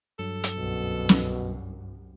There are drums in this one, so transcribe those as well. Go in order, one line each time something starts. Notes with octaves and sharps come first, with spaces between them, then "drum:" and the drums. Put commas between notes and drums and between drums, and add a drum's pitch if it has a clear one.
G2 F#3 A4
drum: hi-hat
C2 F#2 B2
drum: snare